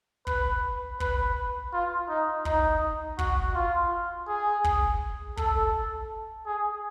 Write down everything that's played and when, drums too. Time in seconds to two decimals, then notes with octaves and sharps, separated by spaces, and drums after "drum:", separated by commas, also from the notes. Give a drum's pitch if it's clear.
0.27 B4, drum: kick
1.00 B4, drum: kick
1.73 F4
2.09 D#4
2.45 D#4, drum: kick
3.19 F#4, drum: kick
3.55 F4
4.28 G#4
4.64 drum: kick
5.37 A4, drum: kick
6.46 G#4